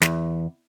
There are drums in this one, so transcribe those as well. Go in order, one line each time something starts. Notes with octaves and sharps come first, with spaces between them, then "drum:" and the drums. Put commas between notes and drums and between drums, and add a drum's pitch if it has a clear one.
E2, drum: snare